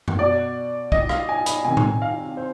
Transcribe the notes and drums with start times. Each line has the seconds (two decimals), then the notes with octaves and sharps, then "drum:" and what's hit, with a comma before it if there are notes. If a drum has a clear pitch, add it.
0.08 drum: tom F#2
0.19 B2 D5
0.92 D#5, drum: kick
1.09 F5, drum: rim click
1.29 G#5
1.46 B5, drum: hi-hat
1.65 C3 D#3 G#5
1.77 drum: tom A2
2.02 F5
2.37 C5